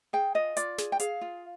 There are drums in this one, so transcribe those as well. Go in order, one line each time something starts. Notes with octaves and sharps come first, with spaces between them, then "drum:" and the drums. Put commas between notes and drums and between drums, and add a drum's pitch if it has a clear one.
G#4 G5
F4 D#5
F4 D5, drum: hi-hat
G#4, drum: snare
G5
G#4 F5, drum: hi-hat
F4